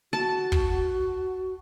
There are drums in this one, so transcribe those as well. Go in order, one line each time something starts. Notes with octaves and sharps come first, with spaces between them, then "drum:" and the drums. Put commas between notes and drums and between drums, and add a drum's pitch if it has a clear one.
F#4 A5
drum: kick